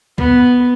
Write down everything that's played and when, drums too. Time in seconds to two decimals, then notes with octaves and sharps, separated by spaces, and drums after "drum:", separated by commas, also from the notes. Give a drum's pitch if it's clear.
0.18 B3, drum: kick C#2